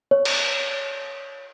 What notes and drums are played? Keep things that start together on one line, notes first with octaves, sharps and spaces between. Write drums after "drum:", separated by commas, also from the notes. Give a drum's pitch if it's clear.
C#5
drum: cymbal